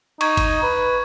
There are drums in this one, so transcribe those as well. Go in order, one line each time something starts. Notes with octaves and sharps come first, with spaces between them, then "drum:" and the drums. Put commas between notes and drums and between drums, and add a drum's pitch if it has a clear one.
D#4 C#6 G#6, drum: cymbal
drum: kick G1, cymbal
B4